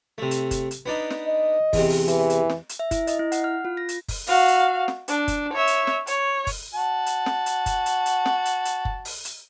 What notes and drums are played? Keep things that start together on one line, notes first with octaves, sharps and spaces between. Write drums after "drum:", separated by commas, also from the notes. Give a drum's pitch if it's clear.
C3 A3
drum: hi-hat
drum: kick F#1, hi-hat
drum: hi-hat
B3 D4 D#4
drum: snare
D#5
E2 C3, drum: kick F#1, open hi-hat
drum: open hi-hat
E3, drum: hi-hat
drum: hi-hat
drum: snare
drum: hi-hat
E5
E4, drum: kick F#1, hi-hat
D#5, drum: hi-hat
E4
F#5, drum: hi-hat
F6
F4
A#6
drum: hi-hat
drum: kick F#1, open hi-hat
F#4 F5, drum: open hi-hat
drum: hi-hat
drum: snare
D4, drum: hi-hat
drum: kick F#1, hi-hat
C#5 E5
drum: hi-hat
drum: snare
C#5, drum: hi-hat
drum: kick F#1, open hi-hat
F#4 A5
drum: hi-hat
drum: snare
drum: hi-hat
drum: kick F#1, hi-hat
drum: hi-hat
drum: hi-hat
drum: snare
drum: hi-hat
drum: hi-hat
drum: kick F#1
drum: open hi-hat
drum: hi-hat